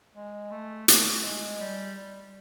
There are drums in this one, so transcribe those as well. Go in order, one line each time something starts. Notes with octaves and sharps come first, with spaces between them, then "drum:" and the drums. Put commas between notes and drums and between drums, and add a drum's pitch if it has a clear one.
G#3
A3
A3, drum: hi-hat
G#3
G3